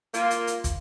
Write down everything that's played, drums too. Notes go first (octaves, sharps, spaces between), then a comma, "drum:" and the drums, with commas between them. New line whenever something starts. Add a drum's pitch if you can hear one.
A#3 F4, drum: hi-hat
drum: hi-hat
drum: hi-hat
drum: kick, hi-hat